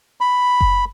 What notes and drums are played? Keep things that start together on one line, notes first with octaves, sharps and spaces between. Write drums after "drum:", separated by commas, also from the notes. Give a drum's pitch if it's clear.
B5
drum: kick F#1